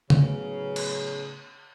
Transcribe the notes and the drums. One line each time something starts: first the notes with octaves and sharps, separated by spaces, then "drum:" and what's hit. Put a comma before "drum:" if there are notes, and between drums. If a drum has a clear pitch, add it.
A2 C#3 F#3 B3, drum: tom
drum: cymbal